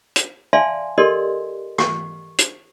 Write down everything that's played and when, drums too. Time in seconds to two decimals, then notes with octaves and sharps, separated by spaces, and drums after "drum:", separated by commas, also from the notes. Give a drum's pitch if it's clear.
0.16 drum: hi-hat
0.53 D5 E5 F5 G#5 A5 C6
0.98 G4 A4 A#4 D5 D#5 C6
1.78 C#6, drum: rim click
2.38 drum: hi-hat